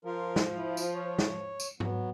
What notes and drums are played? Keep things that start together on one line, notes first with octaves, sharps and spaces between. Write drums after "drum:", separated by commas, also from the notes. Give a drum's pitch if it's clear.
F3 F4 A#4
drum: snare
E4
drum: tambourine
C#5
drum: snare
drum: tambourine
F#3 B3, drum: tom G#2